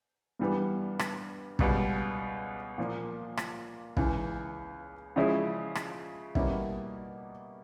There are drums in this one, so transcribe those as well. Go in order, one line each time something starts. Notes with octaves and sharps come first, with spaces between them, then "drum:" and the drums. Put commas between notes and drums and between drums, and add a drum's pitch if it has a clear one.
G2 E3 G3 B3
drum: rim click
C#2 B2 G3, drum: kick
A#2 F3 A#3
drum: rim click
C#2 C#3 E3, drum: kick
C#3 F3 G#3 C#4 E4
drum: rim click
B2 G3 A#3 C#4 E4, drum: kick